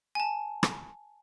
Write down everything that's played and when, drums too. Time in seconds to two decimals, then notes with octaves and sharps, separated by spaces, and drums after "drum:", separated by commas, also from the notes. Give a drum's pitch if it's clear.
0.15 G#5 A5
0.63 drum: rim click